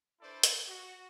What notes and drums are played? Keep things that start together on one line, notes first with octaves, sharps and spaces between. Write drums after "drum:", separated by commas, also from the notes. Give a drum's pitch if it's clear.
D4 E4 A4 B4 C5 D5
drum: hi-hat
F#4